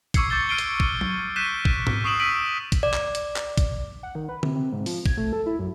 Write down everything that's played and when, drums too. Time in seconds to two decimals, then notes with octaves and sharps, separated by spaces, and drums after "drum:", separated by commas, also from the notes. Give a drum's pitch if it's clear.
0.14 C#6 D6 E6 G#6 C7 C#7, drum: kick, hi-hat
0.30 D6 G6 A6 G7
0.49 F6 C7 D7 D#7 G7
0.58 drum: hi-hat
0.80 drum: kick
1.01 drum: tom F#3
1.36 F#6 G6 B6 C7 D#7 E7
1.65 drum: kick
1.87 drum: tom G#2
2.04 C#6 D#6 C7 D7 E7 F#7
2.20 E6 B6 D7 D#7 F#7
2.72 drum: kick, hi-hat
2.83 D5
2.93 drum: clap
3.15 drum: hi-hat
3.36 drum: clap
3.58 drum: kick, hi-hat
4.03 F#5
4.15 D#3
4.29 B4
4.43 C3, drum: tom D3
4.56 C3
4.72 G#2
4.86 F3, drum: open hi-hat
5.06 G#6, drum: kick
5.17 A3
5.33 A4
5.46 E4
5.59 F#2